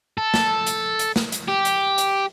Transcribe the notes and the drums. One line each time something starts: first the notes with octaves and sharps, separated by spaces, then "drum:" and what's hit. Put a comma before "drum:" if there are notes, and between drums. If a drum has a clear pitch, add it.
A4
drum: snare
drum: hi-hat
drum: hi-hat
drum: snare
drum: hi-hat
G4
drum: hi-hat
drum: hi-hat